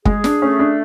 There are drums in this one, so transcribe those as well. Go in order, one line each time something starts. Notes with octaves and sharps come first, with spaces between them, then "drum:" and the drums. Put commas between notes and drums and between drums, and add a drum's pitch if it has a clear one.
G#3 G#4, drum: kick
D4, drum: snare
A3 C#4
D4